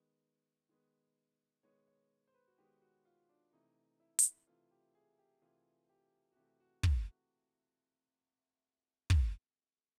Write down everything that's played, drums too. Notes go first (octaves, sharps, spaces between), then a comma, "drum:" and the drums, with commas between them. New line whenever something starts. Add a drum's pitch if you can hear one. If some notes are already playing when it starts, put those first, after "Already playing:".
Already playing: D#3 G#3 B3
D#3 G#3 B3
D#3 G#3 B3 C#5
C#5
C5
B4
F#4
D#3 G#3 B3 G4
F#4
F4
D4
C3 E3 A3 D#4
E4
drum: hi-hat
C3 E3 A3 F4
G4
G#4
G4
C3 E3 A3 F4
G4
F#4
C3 E3 A3 G4
F#4
F#4, drum: kick
drum: kick